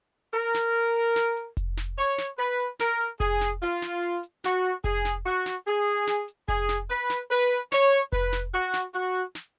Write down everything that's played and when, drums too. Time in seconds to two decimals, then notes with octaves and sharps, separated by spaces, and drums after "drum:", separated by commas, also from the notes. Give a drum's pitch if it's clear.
0.33 A#4, drum: open hi-hat
0.54 drum: snare
0.75 drum: hi-hat
0.95 drum: hi-hat
1.16 drum: snare
1.36 drum: hi-hat
1.57 drum: kick F1, hi-hat
1.77 drum: snare
1.98 C#5, drum: open hi-hat
2.18 drum: snare
2.38 B4, drum: hi-hat
2.59 drum: hi-hat
2.79 A#4, drum: snare
3.00 drum: hi-hat
3.20 G#4, drum: kick F1, hi-hat
3.41 drum: snare
3.62 F4, drum: open hi-hat
3.82 drum: snare
4.03 drum: hi-hat
4.23 drum: hi-hat
4.44 F#4, drum: snare
4.64 drum: hi-hat
4.84 G#4, drum: kick F1, hi-hat
5.05 drum: snare
5.26 F#4, drum: open hi-hat
5.46 drum: snare
5.67 G#4, drum: hi-hat
5.87 drum: hi-hat
6.07 drum: snare
6.28 drum: hi-hat
6.48 G#4, drum: kick F1, hi-hat
6.69 drum: snare
6.90 B4, drum: open hi-hat
7.10 drum: snare
7.31 B4, drum: hi-hat
7.51 drum: hi-hat
7.72 C#5, drum: snare
7.92 drum: hi-hat
8.12 B4, drum: kick F1, hi-hat
8.33 drum: snare
8.54 F#4, drum: open hi-hat
8.74 drum: snare
8.94 F#4, drum: hi-hat
9.14 drum: hi-hat
9.35 drum: snare